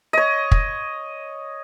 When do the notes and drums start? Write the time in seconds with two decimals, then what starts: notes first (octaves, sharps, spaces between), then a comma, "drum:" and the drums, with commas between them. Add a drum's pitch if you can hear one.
0.13 C#5 D#5
0.52 drum: kick